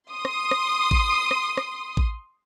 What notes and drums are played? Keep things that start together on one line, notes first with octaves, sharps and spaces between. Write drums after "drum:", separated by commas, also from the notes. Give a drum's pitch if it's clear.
C6 D#6
drum: rim click
drum: rim click
drum: kick A1
drum: rim click
drum: rim click
drum: kick A1